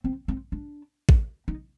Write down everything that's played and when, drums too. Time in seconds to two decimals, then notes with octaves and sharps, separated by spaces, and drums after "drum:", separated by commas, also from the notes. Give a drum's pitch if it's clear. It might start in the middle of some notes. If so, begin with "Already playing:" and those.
0.04 C4
0.28 C4
0.52 D4
1.09 drum: kick
1.48 D#4